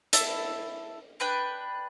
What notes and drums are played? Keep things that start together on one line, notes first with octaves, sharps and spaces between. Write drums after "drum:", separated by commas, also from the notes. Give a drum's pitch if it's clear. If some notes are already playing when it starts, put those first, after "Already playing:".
E4 A4 E5 A5, drum: hi-hat
D4 B4 G5